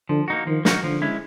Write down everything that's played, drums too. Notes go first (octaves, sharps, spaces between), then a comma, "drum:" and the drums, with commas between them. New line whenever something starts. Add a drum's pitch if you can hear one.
D3 F3
A#3 D#4 F#4
D#3 F3
A#3 D#4 F#4, drum: snare
D3 F3
G#3 C#4 E4